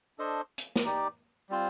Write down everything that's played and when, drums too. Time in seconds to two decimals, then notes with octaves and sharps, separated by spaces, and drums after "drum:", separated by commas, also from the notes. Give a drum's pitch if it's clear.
0.18 D4 A4 C5 D#5
0.58 drum: hi-hat
0.76 drum: snare
0.85 D#4 G4 D5
1.50 G3 C4 F4 C5